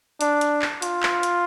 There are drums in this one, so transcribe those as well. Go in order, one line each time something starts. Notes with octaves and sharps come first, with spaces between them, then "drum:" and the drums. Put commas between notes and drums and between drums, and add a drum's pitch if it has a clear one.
D4, drum: hi-hat
drum: hi-hat
drum: clap
F4, drum: hi-hat
drum: clap
drum: hi-hat